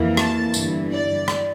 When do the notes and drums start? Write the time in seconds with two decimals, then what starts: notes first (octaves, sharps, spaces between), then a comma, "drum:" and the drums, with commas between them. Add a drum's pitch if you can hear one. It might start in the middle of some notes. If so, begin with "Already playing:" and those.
Already playing: F2 E3 A#3
0.17 A5, drum: rim click
0.54 G1 G2 E3, drum: tambourine
0.91 D5
1.28 drum: rim click